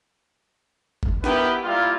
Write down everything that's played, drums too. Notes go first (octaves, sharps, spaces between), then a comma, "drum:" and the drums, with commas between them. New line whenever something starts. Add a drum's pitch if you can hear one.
drum: kick F#1
B3 E4 G4 A#4 B4, drum: snare
G3 A#3 E4 F4